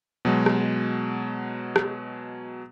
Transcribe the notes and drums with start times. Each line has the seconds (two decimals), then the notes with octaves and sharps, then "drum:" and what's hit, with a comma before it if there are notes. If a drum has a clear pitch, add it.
0.25 B2 F#3 G#3
0.46 drum: rim click
1.76 drum: rim click